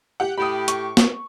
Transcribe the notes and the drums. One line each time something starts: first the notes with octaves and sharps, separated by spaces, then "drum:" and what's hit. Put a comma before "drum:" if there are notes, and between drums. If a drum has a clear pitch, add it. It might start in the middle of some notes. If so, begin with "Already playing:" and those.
G4 F#5
A2 G4 B5 D#6
C#6, drum: hi-hat
drum: snare